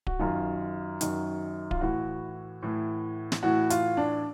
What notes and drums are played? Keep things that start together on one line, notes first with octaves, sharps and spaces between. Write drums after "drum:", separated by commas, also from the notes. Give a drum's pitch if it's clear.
F#4, drum: kick D1
F#2 D#3 F4
F#2 D#3, drum: hi-hat
F4, drum: kick D1
A2 E3 F#4
A2 E3
drum: snare
A2 E3 F#4
F4, drum: hi-hat
D4